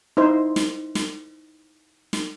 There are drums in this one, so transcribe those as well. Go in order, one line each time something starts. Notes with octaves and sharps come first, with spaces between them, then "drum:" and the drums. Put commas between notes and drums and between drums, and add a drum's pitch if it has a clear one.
D#4 E4 C5
drum: snare
drum: snare
drum: snare